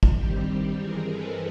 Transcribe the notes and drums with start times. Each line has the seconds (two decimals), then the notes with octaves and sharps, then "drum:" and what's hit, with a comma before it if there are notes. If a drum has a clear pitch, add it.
0.03 drum: kick
0.16 G2 D#3 G3 C4 G4
0.78 G2 E3 G#3 C4 G#4 A#4
1.10 A4 B4